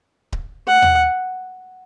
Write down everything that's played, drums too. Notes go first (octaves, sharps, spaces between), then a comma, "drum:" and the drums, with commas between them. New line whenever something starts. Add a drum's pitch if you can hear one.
drum: kick D1
F#5
drum: tom D#2